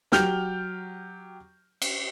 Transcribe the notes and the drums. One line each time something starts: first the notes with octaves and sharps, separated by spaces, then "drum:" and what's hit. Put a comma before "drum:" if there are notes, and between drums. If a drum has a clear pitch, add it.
F#3 G4 F6 G6 F7, drum: snare
drum: cymbal